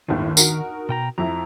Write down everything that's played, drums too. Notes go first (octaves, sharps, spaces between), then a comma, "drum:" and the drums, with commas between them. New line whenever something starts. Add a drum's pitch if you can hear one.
G1 D#2 A2 D#3
D#4 F#4 A#4, drum: tambourine
B2 G5 A#5
F2 E4 A#5